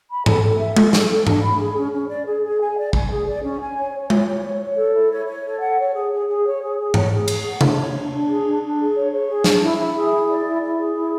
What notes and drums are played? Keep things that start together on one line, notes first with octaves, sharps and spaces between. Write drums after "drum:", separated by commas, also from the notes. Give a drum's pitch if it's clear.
B5
A4, drum: tom G#2
A4
E5
A4, drum: tom G#3
A4, drum: snare
A4
D4, drum: tom G#2
B5
G#4
C#4
C#4
D5
G#4
G#4
G#5
D5
G#5, drum: kick
G#4
D5
C#4
G#5
C#5
C#5
C#5, drum: tom G#3
C#5
C#5
C#5
A4
E4
C#5
C#5
A4
F#5
C#5
G#4
G#4
G#4
C#5
G#4
G#4
C#5, drum: tom G#2
G#4
G#4, drum: cymbal
F#5
D4, drum: tom C3
C#5
D4
D4
G#4
D4
D4
G#4
C#5
C#5
G#4
D4, drum: snare
E4
E4
G#4
E4
D5
E4
E4
G#4
E4